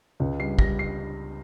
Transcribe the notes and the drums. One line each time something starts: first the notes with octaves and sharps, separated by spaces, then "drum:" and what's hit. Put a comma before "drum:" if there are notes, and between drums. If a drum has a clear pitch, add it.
C#2
G3 C7
G3 A#6, drum: kick
C7